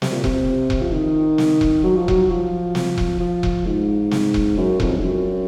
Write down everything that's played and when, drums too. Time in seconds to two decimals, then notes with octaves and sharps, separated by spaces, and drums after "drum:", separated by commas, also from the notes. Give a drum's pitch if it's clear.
0.02 C3, drum: snare
0.12 A#2
0.24 C3, drum: kick E1
0.70 drum: kick E1
0.82 F3
0.92 D#3
1.38 drum: snare
1.61 drum: kick E1
1.84 F#3
1.96 F3
2.08 F#3, drum: kick E1
2.29 F3
2.75 drum: snare
2.98 drum: kick E1
3.20 F3
3.43 drum: kick E1
3.66 G#2
4.11 drum: snare
4.34 drum: kick E1
4.57 F#2
4.80 F2, drum: kick E1
4.97 G#2
5.02 F#2